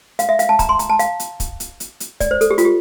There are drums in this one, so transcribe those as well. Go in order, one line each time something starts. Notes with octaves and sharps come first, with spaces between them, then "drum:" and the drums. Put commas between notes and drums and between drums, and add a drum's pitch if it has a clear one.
F5, drum: hi-hat
E5
F5, drum: hi-hat
A5
A#5, drum: kick, hi-hat
C6
A#5, drum: hi-hat
A5
F5, drum: hi-hat
drum: hi-hat
drum: kick, hi-hat
drum: hi-hat
drum: hi-hat
drum: hi-hat
D5, drum: kick, hi-hat
C5
A4, drum: hi-hat
G4
F4, drum: hi-hat
G4